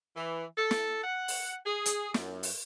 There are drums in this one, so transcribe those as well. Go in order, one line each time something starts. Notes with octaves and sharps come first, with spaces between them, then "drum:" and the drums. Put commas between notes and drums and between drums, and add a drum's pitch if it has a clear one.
E3
A4
drum: snare
F#5
drum: open hi-hat
G#4
drum: hi-hat
F#2, drum: snare
drum: open hi-hat